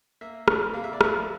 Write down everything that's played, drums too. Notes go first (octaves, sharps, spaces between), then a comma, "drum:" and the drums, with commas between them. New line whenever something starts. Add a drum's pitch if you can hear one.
A#3 E5
C3 D5, drum: rim click
A#3 F5
E5
D5
F3 E5, drum: rim click